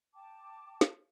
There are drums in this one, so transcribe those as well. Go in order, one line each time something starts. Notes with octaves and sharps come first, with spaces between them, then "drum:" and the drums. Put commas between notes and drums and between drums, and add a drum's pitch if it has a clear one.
G5 A5 D6
drum: snare